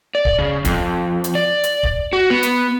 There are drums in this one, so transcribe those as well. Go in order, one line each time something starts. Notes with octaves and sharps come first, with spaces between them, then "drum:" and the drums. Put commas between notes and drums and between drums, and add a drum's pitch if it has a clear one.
D5
drum: kick
C#3
F2, drum: kick, hi-hat
drum: hi-hat
D5
drum: hi-hat
drum: kick
F#4
B3
drum: hi-hat